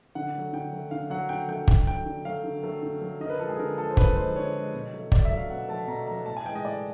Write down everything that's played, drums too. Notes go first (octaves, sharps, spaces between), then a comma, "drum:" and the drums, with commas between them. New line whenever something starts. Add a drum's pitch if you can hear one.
D3 F#5
F#3 A3
D3 G5
F#3 A3
D3 F5
F#3 A3 F#5
D3 G5
F#3 A3 G5
D3 G5, drum: kick
F#3 A3 G5
D3
F#3 A3 F5
D3
F#3 A3
D3
F#3 A3
D3 D#5
A#4
B4
F3 G#3 A4
G#4
D3 A#4
F3 G#3 A4
C5
D3 B4, drum: kick
F3 G#3 C5
D3 C#5
F3 G#3
B2
F#3 A3
B2 D5, drum: kick
E5
F#3 A3
F5
B2 F#5
F#3 A3 A5
B2 A#5
F#3 A3 A#5
A2 A5
G#5
E3 G#3 G5
D#5
A2 D5